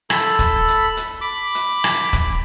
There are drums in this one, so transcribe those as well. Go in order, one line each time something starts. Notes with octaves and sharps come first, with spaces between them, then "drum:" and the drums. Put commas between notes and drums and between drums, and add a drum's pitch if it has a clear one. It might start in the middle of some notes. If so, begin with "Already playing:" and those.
A4 B5, drum: rim click
drum: kick E1, hi-hat
drum: hi-hat
drum: hi-hat
B5 D6
drum: hi-hat
drum: rim click
drum: kick E1, hi-hat